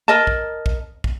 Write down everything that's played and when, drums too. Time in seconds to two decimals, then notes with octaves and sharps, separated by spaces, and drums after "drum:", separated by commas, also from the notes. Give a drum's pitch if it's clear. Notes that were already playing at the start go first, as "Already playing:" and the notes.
0.08 A#4 D#5 A5
0.27 drum: kick
0.66 drum: kick
1.04 drum: kick